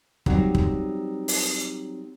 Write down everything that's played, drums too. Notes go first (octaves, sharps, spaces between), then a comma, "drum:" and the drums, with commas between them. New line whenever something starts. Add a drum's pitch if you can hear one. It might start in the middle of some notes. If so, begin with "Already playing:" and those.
F#3 G3 C4 D#4, drum: kick
drum: kick
drum: open hi-hat